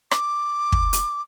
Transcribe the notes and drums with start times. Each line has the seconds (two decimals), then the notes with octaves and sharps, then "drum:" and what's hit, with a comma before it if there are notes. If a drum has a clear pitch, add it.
0.11 D6, drum: rim click
0.72 drum: kick
0.93 drum: hi-hat